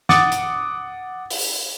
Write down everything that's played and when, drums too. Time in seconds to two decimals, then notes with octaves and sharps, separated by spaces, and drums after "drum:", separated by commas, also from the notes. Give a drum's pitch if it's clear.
0.09 F#5 D6 D#6 A6 C#7, drum: snare
0.32 drum: hi-hat
1.30 drum: open hi-hat